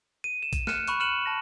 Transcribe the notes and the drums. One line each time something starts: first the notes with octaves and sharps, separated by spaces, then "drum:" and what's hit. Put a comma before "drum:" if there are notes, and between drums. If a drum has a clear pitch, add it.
D#7
E7
drum: kick A#1, hi-hat
F6 F#6 C#7 D#7 E7, drum: snare
B5 C#6 F#6, drum: hi-hat
F6 F#6 C#7 D#7 E7 F#7
A5 A#6